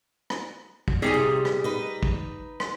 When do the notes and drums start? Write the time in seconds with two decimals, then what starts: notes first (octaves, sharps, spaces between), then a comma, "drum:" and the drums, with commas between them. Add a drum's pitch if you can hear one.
0.30 drum: rim click
0.88 drum: kick
1.02 G3 C4 D#4 G4 G#4 G#5
1.14 C3
1.45 drum: rim click
1.64 D#4 B4
2.03 drum: kick
2.60 drum: rim click